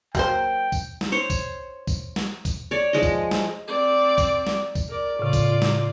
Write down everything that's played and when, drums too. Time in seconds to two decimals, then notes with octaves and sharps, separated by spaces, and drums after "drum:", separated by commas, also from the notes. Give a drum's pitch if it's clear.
0.15 F#3 A#3 C5 G5, drum: kick B1, tambourine
0.72 drum: kick B1, tambourine
1.01 drum: snare
1.12 C5 C#5
1.30 drum: kick B1, tambourine
1.87 drum: kick B1, tambourine
2.16 drum: snare
2.45 drum: kick B1, tambourine
2.71 C#5 D5
2.93 F3 G#3 D#5
3.03 drum: kick B1, tambourine
3.31 drum: snare
3.67 C4 D5
4.18 drum: kick B1, tambourine
4.47 drum: snare
4.75 drum: kick B1, tambourine
4.89 A#4 D5
5.19 A2 C#3 F4 D5
5.33 drum: kick B1, tambourine
5.62 drum: snare